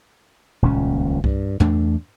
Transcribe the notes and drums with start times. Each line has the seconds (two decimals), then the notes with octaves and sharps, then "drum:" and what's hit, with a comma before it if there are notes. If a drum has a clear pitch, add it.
0.62 D#1 C#2 A#2 C#4
1.24 G2, drum: kick C2
1.60 E2 A3 D4, drum: tom